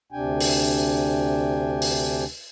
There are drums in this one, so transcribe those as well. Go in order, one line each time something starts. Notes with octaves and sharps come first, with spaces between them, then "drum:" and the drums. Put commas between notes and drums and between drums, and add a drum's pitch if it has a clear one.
D2 C3 D4 G5 G#5
drum: open hi-hat
drum: open hi-hat